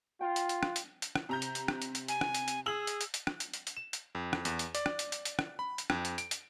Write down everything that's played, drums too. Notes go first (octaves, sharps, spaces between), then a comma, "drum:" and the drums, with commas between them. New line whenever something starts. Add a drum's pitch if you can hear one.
F4 G5
drum: hi-hat
drum: hi-hat
drum: rim click
drum: hi-hat
drum: hi-hat
drum: rim click
C3 A#5 G6
drum: hi-hat
drum: hi-hat
drum: rim click
drum: hi-hat
drum: hi-hat
G#5, drum: hi-hat
drum: rim click
drum: hi-hat
drum: hi-hat
G#4 E6 F#7
drum: hi-hat
drum: hi-hat
drum: hi-hat
drum: rim click
drum: hi-hat
drum: hi-hat
drum: hi-hat
E7
drum: hi-hat
F2
drum: rim click
E2, drum: hi-hat
drum: hi-hat
D5, drum: hi-hat
drum: rim click
drum: hi-hat
drum: hi-hat
drum: hi-hat
drum: rim click
B5
drum: hi-hat
F2, drum: rim click
drum: hi-hat
D7, drum: hi-hat
drum: hi-hat